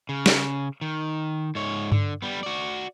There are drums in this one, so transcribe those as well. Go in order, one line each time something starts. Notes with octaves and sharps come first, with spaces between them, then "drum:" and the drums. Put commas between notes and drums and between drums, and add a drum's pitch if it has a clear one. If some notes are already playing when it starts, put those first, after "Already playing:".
C#3
drum: snare
D#3
G#2 C#5
D3, drum: tom G2
G3 B3
F#4 D5